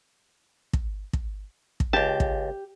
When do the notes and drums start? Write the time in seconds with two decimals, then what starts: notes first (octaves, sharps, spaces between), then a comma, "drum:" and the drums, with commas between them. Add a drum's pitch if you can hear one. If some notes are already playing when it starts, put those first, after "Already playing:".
0.73 drum: kick
1.13 drum: kick
1.80 drum: kick
1.93 C#2 G4 A5
2.20 drum: kick